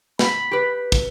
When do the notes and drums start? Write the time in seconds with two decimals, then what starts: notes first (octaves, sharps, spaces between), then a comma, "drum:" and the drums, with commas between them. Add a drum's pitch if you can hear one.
0.19 B5, drum: snare
0.51 G4 B4
0.92 drum: kick, cymbal